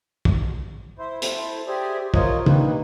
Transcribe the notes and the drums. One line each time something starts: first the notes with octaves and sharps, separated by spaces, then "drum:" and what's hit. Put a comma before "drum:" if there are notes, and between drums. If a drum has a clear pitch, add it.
drum: kick
E4 C5
E4 A4 C5, drum: hi-hat
G4 G#4 C5 D5 E5 G#5
F4 A#4 C5 C#5 D#5, drum: kick
G2 D#3 A#3 D#4 B4, drum: tom